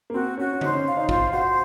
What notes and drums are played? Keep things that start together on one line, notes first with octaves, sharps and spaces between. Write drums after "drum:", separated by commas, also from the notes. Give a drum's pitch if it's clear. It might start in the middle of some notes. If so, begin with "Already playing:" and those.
A#3
C4 F#4
C#4 F#4
C#4
D#4 C5, drum: tom C#3
C#4
F5
D#4
F4 C5, drum: kick
F#4 C5